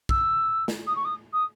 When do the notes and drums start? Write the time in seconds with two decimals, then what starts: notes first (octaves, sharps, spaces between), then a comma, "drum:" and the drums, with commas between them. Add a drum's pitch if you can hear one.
0.09 E6, drum: kick A#1
0.68 drum: snare
0.86 D#6
0.95 C#6
1.04 D#6
1.32 D#6